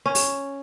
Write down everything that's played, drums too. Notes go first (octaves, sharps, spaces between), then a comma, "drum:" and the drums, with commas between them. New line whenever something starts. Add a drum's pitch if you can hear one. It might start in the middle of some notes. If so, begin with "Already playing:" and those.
C#4
drum: open hi-hat